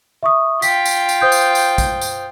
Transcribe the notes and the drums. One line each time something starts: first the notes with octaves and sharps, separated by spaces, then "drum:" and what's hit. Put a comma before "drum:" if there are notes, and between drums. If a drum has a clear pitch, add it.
E5 C#6 D#6
F4 G5 B6, drum: tambourine
drum: tambourine
drum: tambourine
C5 D#6 G6
drum: tambourine
drum: tambourine
drum: kick, tambourine
drum: tambourine